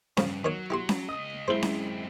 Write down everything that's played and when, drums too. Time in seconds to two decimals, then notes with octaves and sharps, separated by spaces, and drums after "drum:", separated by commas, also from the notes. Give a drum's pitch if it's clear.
0.17 G2 C#3 F3, drum: snare C#4
0.45 D#3 F#3 C#5
0.70 E4 G4 C6
0.89 drum: snare C#4
1.09 C#2 D#5 D#6
1.48 F#2 G#3 C4 E4 C5 G7
1.63 drum: snare C#4